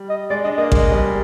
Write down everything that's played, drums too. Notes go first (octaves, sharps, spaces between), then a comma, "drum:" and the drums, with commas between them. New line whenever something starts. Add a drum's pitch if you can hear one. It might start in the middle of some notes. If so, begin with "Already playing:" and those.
Already playing: G3
D#5
G#3 D5
D4 D#5
A#3 D#5
G#3, drum: kick A1
G3